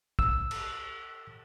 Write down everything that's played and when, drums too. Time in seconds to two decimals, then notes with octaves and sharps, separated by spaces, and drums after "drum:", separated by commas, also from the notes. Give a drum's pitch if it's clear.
0.19 E6, drum: kick
0.51 drum: cymbal